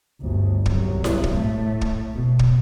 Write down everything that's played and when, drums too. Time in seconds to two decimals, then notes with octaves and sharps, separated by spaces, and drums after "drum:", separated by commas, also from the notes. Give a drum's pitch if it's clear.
0.21 G1 D2
0.66 C2 F#3, drum: kick
1.04 drum: snare E4
1.23 drum: kick
1.35 A2 A3
1.81 drum: kick
2.14 B2
2.39 drum: kick